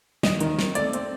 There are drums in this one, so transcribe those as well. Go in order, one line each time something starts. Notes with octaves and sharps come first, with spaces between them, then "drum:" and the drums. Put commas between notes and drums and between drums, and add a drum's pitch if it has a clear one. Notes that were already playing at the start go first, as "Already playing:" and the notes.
D#2 D#5, drum: snare
D#3, drum: hi-hat
C4, drum: snare
A3 D5, drum: hi-hat
C4, drum: hi-hat